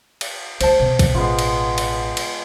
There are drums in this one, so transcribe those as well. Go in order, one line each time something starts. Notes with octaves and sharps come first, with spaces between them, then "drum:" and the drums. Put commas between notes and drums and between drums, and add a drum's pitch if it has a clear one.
drum: cymbal
D2 C5 A5, drum: cymbal
B2
drum: kick, cymbal
A1 G#3 B3 F4
drum: cymbal
drum: cymbal
drum: cymbal